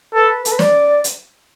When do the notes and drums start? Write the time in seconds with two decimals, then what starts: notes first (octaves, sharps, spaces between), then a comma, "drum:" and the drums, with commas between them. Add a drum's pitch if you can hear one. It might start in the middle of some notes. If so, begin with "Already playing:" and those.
0.14 A4 B4
0.45 A4, drum: hi-hat
0.52 B4
0.59 D5, drum: snare
1.04 drum: hi-hat